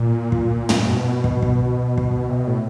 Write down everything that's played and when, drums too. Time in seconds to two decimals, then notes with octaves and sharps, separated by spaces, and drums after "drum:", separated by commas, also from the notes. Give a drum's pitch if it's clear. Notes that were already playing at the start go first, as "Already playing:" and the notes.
Already playing: A#2
0.32 drum: kick
0.69 drum: tom
0.79 A#2
0.88 B2
1.24 drum: kick
1.42 drum: kick
1.98 drum: kick
2.29 C3
2.34 B2
2.47 A2